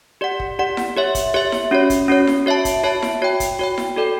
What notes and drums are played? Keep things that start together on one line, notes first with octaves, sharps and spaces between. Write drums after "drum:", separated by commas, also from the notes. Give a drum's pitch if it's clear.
G4 D5 F#5
drum: kick
G4 D5 F#5
drum: snare E4
G4 C#5 E5
drum: kick, hi-hat
G4 C#5 E5
drum: snare E4
C#4 F#4 C#5
drum: kick, hi-hat
C#4 F#4 C#5
drum: snare E4
F#4 C#5 E5 A5
drum: kick, hi-hat
F#4 C#5 E5 A5
drum: snare E4
F#4 C#5 G5
drum: kick, hi-hat
F#4 C#5 G5
drum: snare E4
F#4 A4 D5 G5